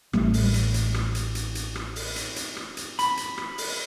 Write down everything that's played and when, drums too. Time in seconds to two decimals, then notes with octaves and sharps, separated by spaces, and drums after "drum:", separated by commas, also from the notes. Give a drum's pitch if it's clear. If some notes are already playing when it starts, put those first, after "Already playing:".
0.13 A1 G3 A3, drum: rim click
0.34 drum: open hi-hat
0.54 drum: hi-hat
0.74 drum: hi-hat
0.94 drum: rim click
1.15 drum: hi-hat
1.35 drum: hi-hat
1.55 drum: hi-hat
1.75 drum: rim click
1.96 drum: open hi-hat
2.16 drum: hi-hat
2.36 drum: hi-hat
2.57 drum: rim click
2.77 drum: hi-hat
2.99 B5, drum: hi-hat
3.17 drum: hi-hat
3.38 drum: rim click
3.58 drum: open hi-hat